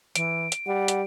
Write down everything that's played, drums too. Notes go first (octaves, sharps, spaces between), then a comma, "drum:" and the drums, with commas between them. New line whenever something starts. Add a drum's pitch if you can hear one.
E3 D7, drum: hi-hat
drum: hi-hat
G3 F#5
drum: hi-hat